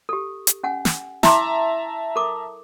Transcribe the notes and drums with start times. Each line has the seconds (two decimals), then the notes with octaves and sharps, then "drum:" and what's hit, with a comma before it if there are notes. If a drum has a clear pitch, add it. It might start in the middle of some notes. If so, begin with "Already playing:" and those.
0.09 G4 A4
0.47 drum: hi-hat
0.63 C#4 F#5 G#5
0.85 drum: snare
1.23 E4 E5 A5 A#5 C6 D6, drum: snare
2.16 A4 A#4 D6